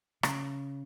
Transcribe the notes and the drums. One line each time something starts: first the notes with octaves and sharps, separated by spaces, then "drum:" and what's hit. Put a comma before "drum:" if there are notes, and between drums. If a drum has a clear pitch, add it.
C#3, drum: rim click